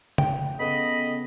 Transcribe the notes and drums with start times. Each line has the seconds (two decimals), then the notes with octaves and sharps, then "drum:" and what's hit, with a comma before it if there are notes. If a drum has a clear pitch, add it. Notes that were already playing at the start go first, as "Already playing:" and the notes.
0.18 G5, drum: tom
0.60 C#3 B3 A4 D#5 B5